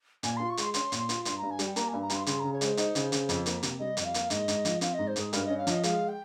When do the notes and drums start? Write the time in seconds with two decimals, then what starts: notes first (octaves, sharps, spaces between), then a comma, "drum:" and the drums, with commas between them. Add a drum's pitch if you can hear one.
0.23 A#2 G#5, drum: hi-hat
0.37 F4 C6
0.50 C#6
0.57 G#3 C6, drum: hi-hat
0.74 C#4 C6, drum: hi-hat
0.92 A#2, drum: hi-hat
1.00 C6
1.09 F4, drum: hi-hat
1.25 G2 C6, drum: hi-hat
1.38 G2 A#5
1.51 G#5
1.59 G3, drum: hi-hat
1.64 G5
1.76 A#3 A#5, drum: hi-hat
1.88 G2 G#5
2.02 A#5
2.10 G2 C6, drum: hi-hat
2.26 C#3 C6, drum: hi-hat
2.40 C#3 A#5
2.53 C#5
2.61 G#3 C5, drum: hi-hat
2.77 D#4 C5, drum: hi-hat
2.95 C#3, drum: hi-hat
3.12 C#3, drum: hi-hat
3.29 F2, drum: hi-hat
3.46 A#3, drum: hi-hat
3.63 C3, drum: hi-hat
3.79 G3 D#5
3.97 F2 D#5, drum: hi-hat
4.05 F5
4.14 A#3, drum: hi-hat
4.30 G#2 D#5, drum: hi-hat
4.48 G#2, drum: hi-hat
4.65 F3, drum: hi-hat
4.81 C4 F5, drum: hi-hat
4.94 G#2 D#5
5.08 C5
5.16 G#2 G#4, drum: hi-hat
5.33 G2 A#4, drum: hi-hat
5.45 C#4 D#5
5.58 F5
5.67 F3 D#5, drum: hi-hat
5.83 G#3 F5, drum: hi-hat
6.09 G5